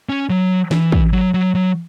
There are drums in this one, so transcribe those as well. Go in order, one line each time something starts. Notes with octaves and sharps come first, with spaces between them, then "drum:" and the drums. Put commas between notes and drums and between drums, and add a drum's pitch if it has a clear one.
C#4
F#3
E3, drum: snare
drum: kick
F#3
F#3
F#3